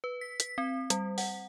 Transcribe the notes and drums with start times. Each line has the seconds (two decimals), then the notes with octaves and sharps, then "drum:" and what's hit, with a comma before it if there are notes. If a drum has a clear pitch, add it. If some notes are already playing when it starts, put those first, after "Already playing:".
0.04 B4
0.21 B6
0.40 B6, drum: hi-hat
0.58 C4
0.90 G3, drum: hi-hat
1.18 F#5, drum: open hi-hat